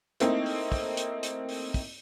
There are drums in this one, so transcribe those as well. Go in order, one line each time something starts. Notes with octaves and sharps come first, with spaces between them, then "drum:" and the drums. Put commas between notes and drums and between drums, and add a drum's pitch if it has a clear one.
A3 A#3 C4 D#4 E4, drum: hi-hat
drum: open hi-hat
drum: kick, open hi-hat
drum: hi-hat
drum: hi-hat
drum: open hi-hat
drum: kick, open hi-hat